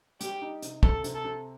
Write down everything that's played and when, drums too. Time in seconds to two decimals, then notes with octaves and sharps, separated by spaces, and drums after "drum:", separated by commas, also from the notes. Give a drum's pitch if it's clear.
0.21 G3 G4, drum: hi-hat
0.42 D#4
0.62 C3, drum: hi-hat
0.83 C3 A4, drum: kick
1.04 C3, drum: hi-hat
1.14 A4
1.24 C3